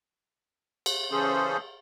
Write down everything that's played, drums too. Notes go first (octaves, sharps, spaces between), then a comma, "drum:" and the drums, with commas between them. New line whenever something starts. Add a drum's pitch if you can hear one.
drum: cymbal
C#3 E3 C#4 G#4 A4 C5